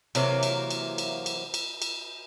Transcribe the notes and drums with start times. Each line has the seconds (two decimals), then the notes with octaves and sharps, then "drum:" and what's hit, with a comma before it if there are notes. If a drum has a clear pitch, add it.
0.15 C3 E3 F#3 A#3, drum: cymbal
0.43 drum: cymbal
0.71 drum: cymbal
0.98 drum: cymbal
1.26 drum: cymbal
1.54 drum: cymbal
1.82 drum: cymbal